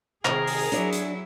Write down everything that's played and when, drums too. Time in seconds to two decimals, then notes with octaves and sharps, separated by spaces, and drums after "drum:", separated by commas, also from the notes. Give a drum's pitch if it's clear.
0.25 C3 D#3 G#4 A#4, drum: clap
0.47 drum: open hi-hat
0.72 F#3 D4 E4 D5, drum: hi-hat
0.93 drum: hi-hat